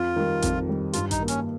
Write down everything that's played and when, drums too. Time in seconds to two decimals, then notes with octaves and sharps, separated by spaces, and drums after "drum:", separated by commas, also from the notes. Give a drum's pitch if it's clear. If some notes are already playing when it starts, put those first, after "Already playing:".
Already playing: F2 F4
0.16 D#3 G3
0.42 F2, drum: kick A1, hi-hat
0.68 D#3 G3
0.93 G2 F4, drum: hi-hat
1.11 D#4, drum: kick A1, hi-hat
1.20 D#3 A#3
1.28 C#4, drum: hi-hat